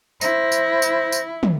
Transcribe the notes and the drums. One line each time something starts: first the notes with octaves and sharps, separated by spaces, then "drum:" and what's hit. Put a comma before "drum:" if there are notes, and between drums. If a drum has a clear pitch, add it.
E4 C5 A#6, drum: tambourine
drum: tambourine
drum: tambourine
drum: tambourine
drum: tom